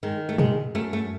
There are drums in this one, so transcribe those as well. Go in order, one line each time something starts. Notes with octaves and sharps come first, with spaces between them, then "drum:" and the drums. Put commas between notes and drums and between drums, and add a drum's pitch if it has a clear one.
D#3 G#3
A3
F#2 G#3, drum: tom A#2
F#2 A3
A3